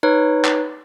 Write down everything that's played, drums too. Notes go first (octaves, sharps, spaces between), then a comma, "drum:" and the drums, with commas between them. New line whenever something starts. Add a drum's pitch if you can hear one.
D#4 B4 C#5
drum: clap